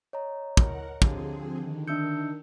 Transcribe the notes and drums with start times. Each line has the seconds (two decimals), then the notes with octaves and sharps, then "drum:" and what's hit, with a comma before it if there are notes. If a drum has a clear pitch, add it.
0.13 C#5 D#5 A#5
0.57 E4 A#4 F#5, drum: kick
1.02 D3 F3 C4 G4 G#4 F5, drum: kick
1.58 D#3
1.88 D4 E5 E6 G6 C#7